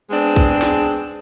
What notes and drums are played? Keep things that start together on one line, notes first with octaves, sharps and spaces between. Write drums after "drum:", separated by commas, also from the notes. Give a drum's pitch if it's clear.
G#3 B3 C4 D4 G#4
drum: kick A#1
drum: snare